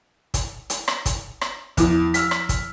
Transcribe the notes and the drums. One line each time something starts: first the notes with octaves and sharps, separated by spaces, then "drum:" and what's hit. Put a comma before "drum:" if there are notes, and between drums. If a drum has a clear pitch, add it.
drum: kick, hi-hat
drum: hi-hat
drum: rim click
drum: kick, hi-hat
drum: rim click
E2 F3 E4, drum: kick, hi-hat
E6 F6 B6, drum: hi-hat
drum: rim click
drum: kick, hi-hat